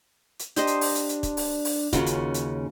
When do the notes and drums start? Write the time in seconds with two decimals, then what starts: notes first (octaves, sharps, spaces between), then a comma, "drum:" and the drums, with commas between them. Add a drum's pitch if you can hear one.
0.40 drum: hi-hat
0.56 D4 G4 C5 D#5, drum: hi-hat
0.67 drum: hi-hat
0.81 drum: open hi-hat
0.95 drum: hi-hat
1.09 drum: hi-hat
1.23 drum: kick, hi-hat
1.37 drum: open hi-hat
1.65 drum: open hi-hat
1.93 D#2 C#3 C#4 F4 F#4, drum: kick, hi-hat
2.07 drum: hi-hat
2.34 drum: hi-hat